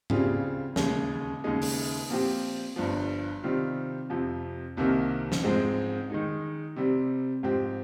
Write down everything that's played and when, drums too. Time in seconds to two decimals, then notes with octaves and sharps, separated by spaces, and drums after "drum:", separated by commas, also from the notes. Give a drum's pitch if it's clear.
0.10 C#3 G3 C4 F4 G#4, drum: tom G#2
0.76 D#2 C#3 G#3, drum: snare
1.44 D#2 C#3 G#3 D#4
1.62 drum: open hi-hat
2.10 A#2 F3 C4 G4
2.76 G1 G2 F3
3.43 C3 D#3 G3 C4 F4
4.10 F2 C3 F3
4.77 C2 C3 D#3 A#3
5.32 drum: snare
5.43 G#2 F3 G#3 C4
6.10 D#3 G#3 D#4
6.76 C3 G3 C4
7.43 G#2 F3 C4 G4